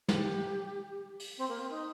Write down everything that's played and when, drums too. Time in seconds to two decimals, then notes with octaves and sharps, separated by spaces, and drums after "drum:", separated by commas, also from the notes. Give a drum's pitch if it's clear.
0.08 G4, drum: snare
1.20 drum: open hi-hat
1.38 C4
1.49 A#3
1.59 C4
1.70 D#4